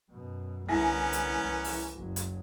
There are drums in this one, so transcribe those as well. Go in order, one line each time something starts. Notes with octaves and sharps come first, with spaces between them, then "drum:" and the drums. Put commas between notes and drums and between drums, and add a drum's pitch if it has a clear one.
F#2 B2
C2 D3 B3 C#4 E4 A#4 G#5 A#6
drum: hi-hat
C2 E3
drum: open hi-hat
F#1 F#3
drum: hi-hat